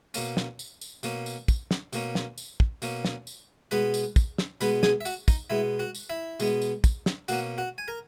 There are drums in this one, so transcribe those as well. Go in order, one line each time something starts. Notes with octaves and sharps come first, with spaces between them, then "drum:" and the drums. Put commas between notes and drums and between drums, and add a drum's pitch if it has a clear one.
B2 A#3 C#4, drum: tambourine
drum: snare
drum: tambourine
drum: tambourine
B2 A#3 C#4, drum: tambourine
drum: tambourine
drum: kick, tambourine
drum: snare
B2 A#3 C#4, drum: tambourine
drum: snare
drum: tambourine
drum: kick
B2 A#3 C#4, drum: tambourine
drum: snare
drum: tambourine
B2 G#3 B3 B4 B5, drum: tambourine
drum: tambourine
drum: kick, tambourine
drum: snare
B2 G#3 B3 B4 B5, drum: tambourine
G#4 G#5, drum: snare
E5
F#4 F#5, drum: tambourine
D#4 D#5, drum: kick, tambourine
B2 G#3 B3 E4 E5
F#4 F#5
drum: tambourine
E4 E5
B2 G#3 B3, drum: tambourine
drum: tambourine
drum: kick, tambourine
drum: snare
B2 A#3 C#4 F#4 F#5, drum: tambourine
F#4 F#5
G#5
A#4 A#5